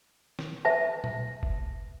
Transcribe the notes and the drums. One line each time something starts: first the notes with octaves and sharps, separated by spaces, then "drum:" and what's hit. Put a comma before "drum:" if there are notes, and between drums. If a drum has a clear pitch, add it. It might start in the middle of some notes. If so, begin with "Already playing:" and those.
drum: snare
B4 E5 A5
drum: tom A#2
drum: kick F#1